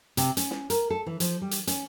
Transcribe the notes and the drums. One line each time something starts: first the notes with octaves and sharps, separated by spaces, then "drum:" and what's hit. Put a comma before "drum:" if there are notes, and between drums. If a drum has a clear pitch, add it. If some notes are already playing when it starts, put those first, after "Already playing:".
C3, drum: hi-hat
C#4, drum: hi-hat
drum: snare
A#4, drum: hi-hat
A4
E3
F3, drum: hi-hat
G3
drum: hi-hat
C#4, drum: hi-hat